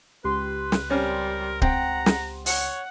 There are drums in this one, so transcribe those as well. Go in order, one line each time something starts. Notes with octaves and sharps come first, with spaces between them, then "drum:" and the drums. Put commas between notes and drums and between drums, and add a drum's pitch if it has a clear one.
C#2 G4 B4 C6
drum: snare
G3 C4 C#4 A#4
C4 F#5 G5 A#5, drum: kick D1
drum: snare
C#5 F#5, drum: open hi-hat